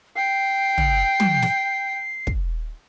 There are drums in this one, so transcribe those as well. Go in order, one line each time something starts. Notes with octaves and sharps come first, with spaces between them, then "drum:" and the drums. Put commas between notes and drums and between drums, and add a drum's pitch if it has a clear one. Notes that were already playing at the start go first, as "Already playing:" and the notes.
G5 C7
drum: tom
drum: tom
drum: snare
drum: kick